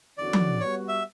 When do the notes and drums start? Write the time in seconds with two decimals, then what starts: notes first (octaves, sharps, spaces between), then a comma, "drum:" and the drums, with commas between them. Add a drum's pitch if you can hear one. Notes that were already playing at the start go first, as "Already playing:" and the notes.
0.18 E2 D3 F#3 C#4 F#4 D5
0.33 drum: tom F3
0.60 G3 B3 F#4 C#5
0.88 E5